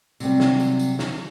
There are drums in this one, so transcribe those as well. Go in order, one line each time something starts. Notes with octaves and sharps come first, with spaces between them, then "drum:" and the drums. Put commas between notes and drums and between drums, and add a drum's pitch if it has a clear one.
C3 F#3 G3 C4, drum: tambourine
drum: snare
drum: tambourine
drum: tambourine
drum: snare